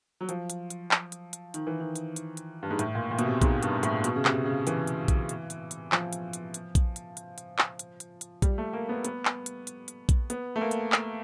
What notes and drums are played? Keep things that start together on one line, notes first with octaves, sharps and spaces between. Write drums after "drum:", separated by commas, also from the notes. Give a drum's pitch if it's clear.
F#3
F3, drum: hi-hat
drum: hi-hat
drum: hi-hat
drum: clap
drum: hi-hat
drum: hi-hat
D#3, drum: hi-hat
E3
D#3
drum: hi-hat
drum: hi-hat
drum: hi-hat
G2
G#2
A2, drum: hi-hat
A#2
A#2
B2, drum: hi-hat
C3
G#2, drum: kick A#1, hi-hat
G2, drum: hi-hat
A2, drum: hi-hat
B2, drum: hi-hat
C#3
C3, drum: clap
C#3
E3, drum: hi-hat
drum: hi-hat
drum: kick A#1, hi-hat
drum: hi-hat
drum: hi-hat
drum: hi-hat
F3, drum: clap
drum: hi-hat
drum: hi-hat
drum: hi-hat
drum: kick A#1, hi-hat
drum: hi-hat
drum: hi-hat
drum: hi-hat
drum: clap
drum: hi-hat
drum: hi-hat
drum: hi-hat
G3, drum: kick A#1, hi-hat
A3
A#3
B3
B3, drum: hi-hat
drum: clap
drum: hi-hat
drum: hi-hat
drum: hi-hat
drum: kick A#1, hi-hat
B3, drum: hi-hat
A3
A#3
drum: hi-hat
drum: clap